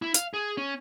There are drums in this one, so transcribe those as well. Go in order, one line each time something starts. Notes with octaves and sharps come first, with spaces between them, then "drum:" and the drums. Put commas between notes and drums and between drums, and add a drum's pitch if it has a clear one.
E4
F5, drum: hi-hat
G#4
C#4